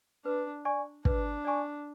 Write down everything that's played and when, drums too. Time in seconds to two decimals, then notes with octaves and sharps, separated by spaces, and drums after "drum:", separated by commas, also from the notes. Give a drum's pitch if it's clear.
0.25 D4 B4
0.65 D5 G#5 C#6
1.05 D4 B4, drum: kick
1.45 D5 G#5 C#6